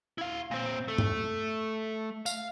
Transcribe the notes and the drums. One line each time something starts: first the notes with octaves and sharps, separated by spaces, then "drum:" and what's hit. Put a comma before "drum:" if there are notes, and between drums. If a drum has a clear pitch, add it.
E4 F5
A#2 C4
A3
drum: tom G2
F5, drum: tambourine